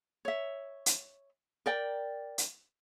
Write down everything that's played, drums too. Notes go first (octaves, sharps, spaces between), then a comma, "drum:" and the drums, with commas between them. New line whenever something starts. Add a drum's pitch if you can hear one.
C#5 E5
drum: hi-hat
A#4 D5 G5
drum: hi-hat